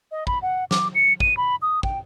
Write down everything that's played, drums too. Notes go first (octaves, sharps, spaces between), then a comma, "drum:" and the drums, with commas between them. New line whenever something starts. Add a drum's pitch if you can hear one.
D#5
B5, drum: kick
F#5
D6, drum: snare
C#7
D#7, drum: kick
B5
D#6
G5, drum: kick